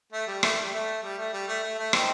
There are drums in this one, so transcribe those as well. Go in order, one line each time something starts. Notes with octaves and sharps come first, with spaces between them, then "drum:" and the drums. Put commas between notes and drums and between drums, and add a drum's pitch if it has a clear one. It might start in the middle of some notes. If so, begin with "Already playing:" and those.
A3
G3
A3, drum: rim click
G3
A3
G3
A3
G3
A3
A3
A3
C4 D#4, drum: rim click